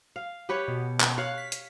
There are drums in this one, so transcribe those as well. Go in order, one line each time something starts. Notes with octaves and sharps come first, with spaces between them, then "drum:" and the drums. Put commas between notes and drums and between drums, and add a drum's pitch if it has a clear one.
F5
G4 B4 C#5
B2
drum: clap
C#5 F5 F#6
B6
drum: hi-hat